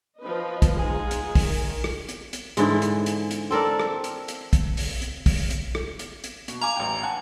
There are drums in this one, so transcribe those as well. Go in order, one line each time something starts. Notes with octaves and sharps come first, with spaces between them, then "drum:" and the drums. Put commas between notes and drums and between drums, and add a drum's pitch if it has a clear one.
F3 B4 D#5
drum: kick, hi-hat
G#3 D#4 F4 G#4
drum: hi-hat
D#3, drum: kick, open hi-hat
drum: rim click
drum: hi-hat
drum: hi-hat
G#2 D3 E3 G#3, drum: hi-hat
drum: hi-hat
drum: hi-hat
drum: hi-hat
C4 A4 A#4 D5
drum: rim click
drum: hi-hat
drum: hi-hat
drum: kick, hi-hat
drum: open hi-hat
drum: hi-hat
drum: kick, open hi-hat
drum: hi-hat
drum: rim click
drum: hi-hat
drum: hi-hat
B2, drum: hi-hat
F5 G#5 A#5 D6
A1 G5
F#5 G#5 A5